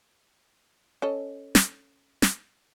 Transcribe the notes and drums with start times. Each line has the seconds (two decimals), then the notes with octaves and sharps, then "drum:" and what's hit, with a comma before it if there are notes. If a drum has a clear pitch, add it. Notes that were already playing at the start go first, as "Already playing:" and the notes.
1.02 C#4 A4 D#5
1.55 drum: snare
2.22 drum: snare